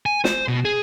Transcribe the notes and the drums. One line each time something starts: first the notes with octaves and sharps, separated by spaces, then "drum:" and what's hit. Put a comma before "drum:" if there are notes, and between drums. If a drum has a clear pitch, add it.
G#5
C5, drum: snare
B2
G#4